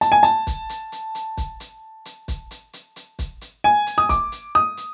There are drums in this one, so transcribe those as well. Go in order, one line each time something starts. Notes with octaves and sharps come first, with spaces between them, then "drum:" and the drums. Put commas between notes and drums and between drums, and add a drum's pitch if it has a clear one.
A5, drum: hi-hat
G#5
A5, drum: hi-hat
drum: kick, hi-hat
drum: hi-hat
drum: hi-hat
drum: hi-hat
drum: kick, hi-hat
drum: hi-hat
drum: hi-hat
drum: kick, hi-hat
drum: hi-hat
drum: hi-hat
drum: hi-hat
drum: kick, hi-hat
drum: hi-hat
G#5
drum: hi-hat
D#6
D6, drum: kick, hi-hat
drum: hi-hat
D#6
drum: hi-hat